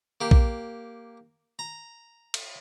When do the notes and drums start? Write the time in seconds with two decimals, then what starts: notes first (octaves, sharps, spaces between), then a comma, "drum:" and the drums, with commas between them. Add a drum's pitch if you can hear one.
0.21 A#3 G4
0.31 drum: kick A#1
1.59 A#5
2.34 drum: cymbal